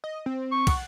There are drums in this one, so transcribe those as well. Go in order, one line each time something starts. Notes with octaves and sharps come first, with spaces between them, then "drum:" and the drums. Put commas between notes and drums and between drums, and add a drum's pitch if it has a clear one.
D#5
C4
C#6
F#5, drum: kick, cymbal